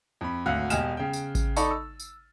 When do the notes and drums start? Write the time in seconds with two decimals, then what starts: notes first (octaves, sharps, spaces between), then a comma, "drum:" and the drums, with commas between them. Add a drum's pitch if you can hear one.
0.21 F2 B5
0.46 G#1 D2 F5 F#5 F#6
0.70 E1 G4 D#5 G#5 F6 E7, drum: tambourine
0.97 C#3 G5
1.13 drum: tambourine
1.35 drum: kick A1, tambourine
1.57 D#4 A4 D5 A5 B5 C#6, drum: tambourine
1.71 E6
2.00 drum: tambourine